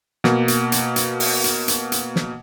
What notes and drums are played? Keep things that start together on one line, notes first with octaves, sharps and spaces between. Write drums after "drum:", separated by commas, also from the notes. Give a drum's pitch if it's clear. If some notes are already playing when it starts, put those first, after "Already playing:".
B2 A#3, drum: snare
drum: hi-hat
drum: hi-hat
drum: hi-hat
drum: open hi-hat
drum: hi-hat
drum: hi-hat
drum: hi-hat
drum: snare